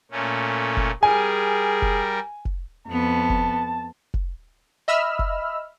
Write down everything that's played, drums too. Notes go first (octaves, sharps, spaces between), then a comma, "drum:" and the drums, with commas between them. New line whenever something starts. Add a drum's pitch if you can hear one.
A#2 A3 C#4
drum: kick F1
G3 G#4 A#4 G#5
drum: kick F1
drum: kick F1
F2 B3 A5
drum: kick F1
drum: kick F1
D#5 E5 B5 E6 F6
drum: kick F1